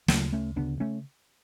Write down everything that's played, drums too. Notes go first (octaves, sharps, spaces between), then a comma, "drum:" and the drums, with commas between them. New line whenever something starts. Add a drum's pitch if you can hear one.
D2 C#3 F#3 A3, drum: snare
A3 C#4
D2 C#3 B3 D4
A3 C#4